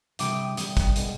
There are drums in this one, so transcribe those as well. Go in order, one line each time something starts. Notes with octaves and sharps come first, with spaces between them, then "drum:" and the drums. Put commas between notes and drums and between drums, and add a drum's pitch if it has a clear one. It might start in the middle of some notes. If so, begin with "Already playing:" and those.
C3 G3 D6, drum: hi-hat
D#6
D#6
C3 G3 D#6, drum: hi-hat
drum: kick, hi-hat
B2 G#3, drum: hi-hat